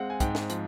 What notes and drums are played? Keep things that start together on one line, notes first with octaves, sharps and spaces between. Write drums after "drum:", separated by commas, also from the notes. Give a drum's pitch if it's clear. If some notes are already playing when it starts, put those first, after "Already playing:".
Already playing: G#3 C4 F5 F#5
G#5
G#2 G5, drum: kick, hi-hat
drum: snare
F3, drum: hi-hat